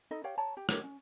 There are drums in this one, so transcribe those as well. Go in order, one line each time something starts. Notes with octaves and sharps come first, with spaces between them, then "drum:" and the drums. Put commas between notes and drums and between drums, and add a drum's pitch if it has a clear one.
D#4 A4 D#5 B5
G4 C#5 F5 G5
C#5 A5 A#5
G4
D4 G4 A#4 C#5, drum: rim click
C#4